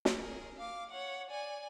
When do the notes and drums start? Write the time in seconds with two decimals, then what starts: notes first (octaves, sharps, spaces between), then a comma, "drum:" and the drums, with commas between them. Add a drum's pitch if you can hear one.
0.05 drum: snare
0.22 G#4 A#4
0.58 F5 D6
0.91 C#5 F#5
1.30 D5 G#5